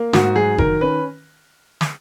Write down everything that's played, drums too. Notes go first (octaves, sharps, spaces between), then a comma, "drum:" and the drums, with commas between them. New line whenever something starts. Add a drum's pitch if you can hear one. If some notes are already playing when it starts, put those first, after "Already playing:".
Already playing: A#3
G#2 F#4, drum: snare
F#3 G#4
D#3 A#4, drum: kick F#1
C#4 B4
drum: snare